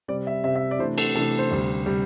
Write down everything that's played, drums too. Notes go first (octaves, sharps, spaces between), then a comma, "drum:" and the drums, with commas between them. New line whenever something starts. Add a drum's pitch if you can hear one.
C3 G3 C4 D5
E5
C3 G3 C4 E5
E5
D5
C3 E3 A3 D4 C5
A4, drum: cymbal
C3 E3 A3 D4 A4
C5
D2 C3 G3
C3 G3